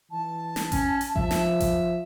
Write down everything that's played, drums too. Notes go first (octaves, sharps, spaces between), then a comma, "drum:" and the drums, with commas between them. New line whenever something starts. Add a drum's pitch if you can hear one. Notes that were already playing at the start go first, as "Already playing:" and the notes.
E3 A5
drum: snare
C#4, drum: kick A1, hi-hat
drum: hi-hat
F3 E5, drum: kick A1
drum: snare
drum: kick A1, hi-hat